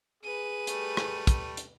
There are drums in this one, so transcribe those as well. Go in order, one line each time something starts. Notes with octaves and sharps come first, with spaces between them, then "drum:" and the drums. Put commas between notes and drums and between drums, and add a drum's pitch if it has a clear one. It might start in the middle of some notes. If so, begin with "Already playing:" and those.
G#4 B4 D#7
G3 A3, drum: hi-hat
drum: rim click
drum: kick, hi-hat
drum: hi-hat